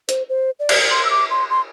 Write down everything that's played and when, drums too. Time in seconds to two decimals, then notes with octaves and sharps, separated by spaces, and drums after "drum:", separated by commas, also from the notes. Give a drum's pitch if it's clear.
0.09 C5, drum: hi-hat
0.29 C5
0.60 D5
0.69 drum: cymbal
0.90 C6
1.05 E6
1.10 D6
1.30 C6
1.50 C6